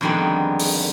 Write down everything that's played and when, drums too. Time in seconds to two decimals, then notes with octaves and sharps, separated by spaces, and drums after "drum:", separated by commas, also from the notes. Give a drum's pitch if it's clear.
0.01 F2 D3 D#3 G3 G#3 B3
0.59 drum: open hi-hat